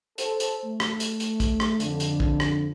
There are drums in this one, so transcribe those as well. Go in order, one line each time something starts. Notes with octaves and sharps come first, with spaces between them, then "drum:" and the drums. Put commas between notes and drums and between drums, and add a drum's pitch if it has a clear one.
A4 C5, drum: hi-hat
drum: hi-hat
A3
drum: rim click
drum: hi-hat
drum: hi-hat
drum: kick, hi-hat
drum: rim click
F2 D3, drum: hi-hat
drum: hi-hat
drum: kick
drum: rim click